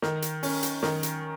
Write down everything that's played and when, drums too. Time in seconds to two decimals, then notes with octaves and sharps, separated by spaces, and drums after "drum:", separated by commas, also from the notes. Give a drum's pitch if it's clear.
0.02 D#3, drum: snare
0.22 drum: hi-hat
0.43 C#4, drum: open hi-hat
0.63 drum: hi-hat
0.83 D#3, drum: snare
1.03 drum: hi-hat